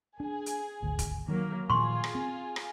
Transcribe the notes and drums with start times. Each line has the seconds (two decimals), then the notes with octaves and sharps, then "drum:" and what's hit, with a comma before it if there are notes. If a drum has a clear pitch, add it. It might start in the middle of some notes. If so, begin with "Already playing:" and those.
0.20 D4 G#4
0.46 drum: hi-hat
0.82 G#1 D2
0.99 drum: kick E1, hi-hat
1.28 D#3 F#3 A#3
1.70 A#2 D#3 F3 F4 G#4 C6 C#6
2.04 drum: rim click
2.15 C4
2.56 drum: rim click